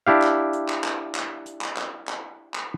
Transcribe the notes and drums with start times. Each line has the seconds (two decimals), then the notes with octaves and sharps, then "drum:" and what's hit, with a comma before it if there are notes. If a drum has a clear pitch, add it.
0.07 D4 E4 G4 F5
0.22 drum: clap
0.53 drum: hi-hat
0.68 drum: clap
0.84 drum: clap
1.15 drum: clap
1.46 drum: hi-hat
1.61 drum: clap
1.77 drum: clap
2.08 drum: clap
2.54 drum: clap